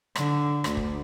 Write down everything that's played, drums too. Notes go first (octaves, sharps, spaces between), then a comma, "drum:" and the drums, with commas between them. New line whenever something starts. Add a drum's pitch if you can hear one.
D3, drum: rim click
D2, drum: rim click
drum: kick